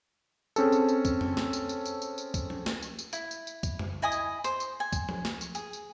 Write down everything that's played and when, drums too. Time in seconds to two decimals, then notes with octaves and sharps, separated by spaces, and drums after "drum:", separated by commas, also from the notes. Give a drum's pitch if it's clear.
0.56 C4 C#4 G#4 A4, drum: tambourine
0.72 drum: tambourine
0.89 drum: tambourine
1.05 drum: kick, tambourine
1.21 drum: tom F2
1.37 drum: snare
1.53 drum: tambourine
1.69 drum: tambourine
1.86 drum: tambourine
2.02 drum: tambourine
2.18 drum: tambourine
2.34 drum: kick, tambourine
2.50 drum: tom F3
2.66 drum: snare
2.82 drum: tambourine
2.99 drum: tambourine
3.13 E4, drum: tambourine
3.31 drum: tambourine
3.47 drum: tambourine
3.63 drum: kick, tambourine
3.79 drum: tom F2
4.02 E4 D#5 G#5 D#6
4.12 drum: tambourine
4.44 C5, drum: tambourine
4.60 drum: tambourine
4.80 G#5
4.93 drum: kick, tambourine
5.09 drum: tom F3
5.25 drum: snare
5.41 drum: tambourine
5.55 G#4, drum: tambourine
5.73 drum: tambourine